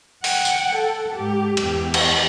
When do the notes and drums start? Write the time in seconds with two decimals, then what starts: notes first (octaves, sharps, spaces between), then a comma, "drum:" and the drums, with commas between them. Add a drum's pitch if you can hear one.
0.24 F#5 G5, drum: open hi-hat
0.45 drum: tambourine
0.76 A4
1.15 G#2 G4
1.57 E2 G4, drum: cymbal
1.94 drum: cymbal